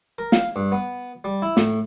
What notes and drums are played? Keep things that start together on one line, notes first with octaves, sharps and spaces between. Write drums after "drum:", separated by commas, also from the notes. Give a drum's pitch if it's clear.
A#4
F5, drum: snare
G2
B3
G3
E4
A2, drum: snare